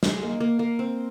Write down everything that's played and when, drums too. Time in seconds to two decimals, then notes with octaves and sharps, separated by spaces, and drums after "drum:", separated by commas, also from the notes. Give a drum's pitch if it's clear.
0.03 G#3, drum: snare
0.22 A#3
0.40 A#3
0.59 A#3
0.79 C4